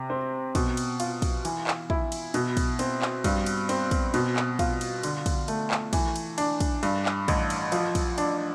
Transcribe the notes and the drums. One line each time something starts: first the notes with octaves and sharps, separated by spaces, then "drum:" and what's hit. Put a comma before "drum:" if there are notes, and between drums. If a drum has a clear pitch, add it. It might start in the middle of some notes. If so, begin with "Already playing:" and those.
Already playing: C3
C4
B2, drum: kick, cymbal
drum: cymbal
F4, drum: cymbal
drum: kick, cymbal
E3, drum: cymbal
drum: clap
E4, drum: kick
drum: cymbal
B2, drum: cymbal
drum: kick, cymbal
C4, drum: cymbal
drum: clap
G2, drum: kick, cymbal
drum: cymbal
C4, drum: cymbal
drum: kick, cymbal
B2, drum: cymbal
drum: clap
F4, drum: kick, cymbal
drum: cymbal
D3, drum: cymbal
drum: kick, cymbal
A3, drum: cymbal
drum: clap
E3, drum: kick, cymbal
drum: cymbal
D4, drum: cymbal
drum: kick, cymbal
G2, drum: cymbal
drum: clap
A1, drum: kick, cymbal
drum: cymbal
F3, drum: cymbal
drum: kick, cymbal
D4, drum: cymbal